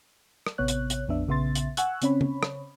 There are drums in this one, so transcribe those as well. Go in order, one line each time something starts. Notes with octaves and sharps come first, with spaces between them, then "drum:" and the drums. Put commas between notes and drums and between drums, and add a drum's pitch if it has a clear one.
drum: rim click
A1 C3 B3 C#5 F#6
drum: hi-hat
drum: hi-hat
A#1 F2 B3 D4 E5
A#1 C#3 B3 E5 C6 A6
drum: hi-hat
F#5 G#5 C#6 E6 F#6, drum: hi-hat
C#3 C4 C#4 C#5 B5, drum: hi-hat
drum: tom C#3
drum: rim click